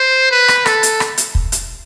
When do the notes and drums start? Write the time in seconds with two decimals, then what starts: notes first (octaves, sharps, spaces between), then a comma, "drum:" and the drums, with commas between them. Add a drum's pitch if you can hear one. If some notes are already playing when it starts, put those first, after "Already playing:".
Already playing: C5
0.31 B4
0.48 drum: rim click
0.66 A4, drum: rim click
0.83 drum: hi-hat
1.00 drum: rim click
1.18 drum: hi-hat
1.35 drum: kick
1.52 drum: hi-hat